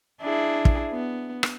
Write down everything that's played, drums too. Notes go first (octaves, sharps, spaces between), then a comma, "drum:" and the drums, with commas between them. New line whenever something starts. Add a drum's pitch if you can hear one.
D4 E4 G#4
drum: kick
B3
drum: rim click